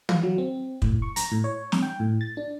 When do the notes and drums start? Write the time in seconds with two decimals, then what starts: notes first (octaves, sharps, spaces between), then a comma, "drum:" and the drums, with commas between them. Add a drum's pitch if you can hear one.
0.09 F5, drum: tom
0.23 F#3
0.38 C4
0.82 A2, drum: kick
1.02 C#6
1.16 A#5, drum: hi-hat
1.32 A2
1.44 C#5
1.72 drum: snare
1.83 G5
2.00 A2
2.21 A6
2.37 D4